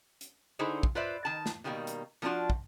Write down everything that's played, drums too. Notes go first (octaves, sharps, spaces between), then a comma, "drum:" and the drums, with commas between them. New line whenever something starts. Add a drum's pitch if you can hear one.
drum: hi-hat
D3 D#4 E4 G#4 C5
drum: kick
F4 B4 C5 D5 E5
D#3 A5
drum: snare
B2 D#3 G3 G#3 A#3
drum: hi-hat
F3 A#3 C4 D4 F4 F#4
drum: kick